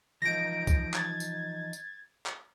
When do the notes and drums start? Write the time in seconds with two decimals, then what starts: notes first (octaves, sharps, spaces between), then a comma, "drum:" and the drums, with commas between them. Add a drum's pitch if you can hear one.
0.22 E3 F3 D#4 A#6 D7
0.67 drum: kick, tambourine
0.94 G#6 A6, drum: clap
1.20 drum: tambourine
1.73 drum: tambourine
2.26 drum: clap